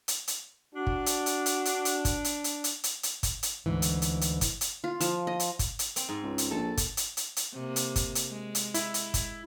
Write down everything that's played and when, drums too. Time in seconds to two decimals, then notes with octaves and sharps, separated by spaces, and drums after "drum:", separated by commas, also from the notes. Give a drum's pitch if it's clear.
0.08 drum: hi-hat
0.28 drum: hi-hat
0.75 D4 F#4
0.87 drum: kick
1.06 drum: hi-hat
1.26 drum: hi-hat
1.46 drum: hi-hat
1.65 drum: hi-hat
1.85 drum: hi-hat
2.05 drum: kick, hi-hat
2.24 drum: hi-hat
2.44 drum: hi-hat
2.64 drum: hi-hat
2.84 drum: hi-hat
3.03 drum: hi-hat
3.23 drum: kick, hi-hat
3.43 drum: hi-hat
3.66 D2 G#2 E3
3.82 drum: hi-hat
4.02 drum: hi-hat
4.21 drum: hi-hat
4.41 drum: kick, hi-hat
4.61 drum: hi-hat
4.84 F4
5.00 F3, drum: hi-hat
5.27 D#5
5.40 drum: hi-hat
5.59 drum: kick, hi-hat
5.79 drum: hi-hat
5.96 C4, drum: hi-hat
6.09 G#2
6.23 C#2
6.38 drum: hi-hat
6.51 A#1 A4 A5
6.77 drum: kick, hi-hat
6.97 drum: hi-hat
7.17 drum: hi-hat
7.36 drum: hi-hat
7.52 C3 A#3
7.76 drum: hi-hat
7.96 drum: kick, hi-hat
8.15 drum: hi-hat
8.31 G#3
8.55 drum: hi-hat
8.74 E4, drum: hi-hat
8.94 drum: hi-hat
9.14 drum: kick, hi-hat